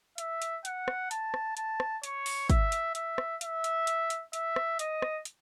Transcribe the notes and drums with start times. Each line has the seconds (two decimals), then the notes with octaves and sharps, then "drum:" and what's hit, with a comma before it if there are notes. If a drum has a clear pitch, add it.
0.18 E5, drum: hi-hat
0.42 drum: hi-hat
0.65 F#5, drum: hi-hat
0.88 drum: rim click
1.11 A5, drum: hi-hat
1.34 drum: rim click
1.57 A5, drum: hi-hat
1.80 drum: rim click
2.03 C#5, drum: hi-hat
2.26 drum: open hi-hat
2.50 E5, drum: kick, hi-hat
2.72 drum: hi-hat
2.95 E5, drum: hi-hat
3.18 drum: rim click
3.41 E5, drum: hi-hat
3.64 drum: hi-hat
3.87 drum: hi-hat
4.10 drum: hi-hat
4.33 E5, drum: hi-hat
4.56 drum: rim click
4.79 D#5, drum: hi-hat
5.02 drum: rim click
5.25 drum: hi-hat